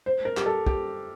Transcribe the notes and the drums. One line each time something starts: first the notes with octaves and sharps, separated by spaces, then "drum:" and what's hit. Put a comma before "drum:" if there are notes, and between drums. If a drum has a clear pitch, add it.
C5
A#4
G4, drum: clap
A4
G4, drum: kick